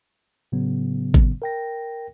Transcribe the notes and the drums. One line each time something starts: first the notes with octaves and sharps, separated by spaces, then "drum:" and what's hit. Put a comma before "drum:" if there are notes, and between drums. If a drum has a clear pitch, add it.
A2 C#3 F#3 B3
drum: kick G#1
A#4 G5 A#6